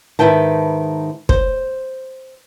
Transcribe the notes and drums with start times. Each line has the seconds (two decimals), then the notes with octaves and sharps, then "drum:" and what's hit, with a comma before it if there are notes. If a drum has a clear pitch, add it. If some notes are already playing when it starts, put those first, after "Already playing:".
0.19 G#2 D#3 E4 B4 G5 A5
1.29 C5, drum: kick